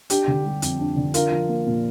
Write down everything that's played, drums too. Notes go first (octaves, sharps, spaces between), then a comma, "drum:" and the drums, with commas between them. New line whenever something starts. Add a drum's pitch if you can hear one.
D4 G4, drum: hi-hat
D3
G3
F2, drum: hi-hat
D4
D3
D4 F4 A#4, drum: hi-hat
F3
A#3
A#2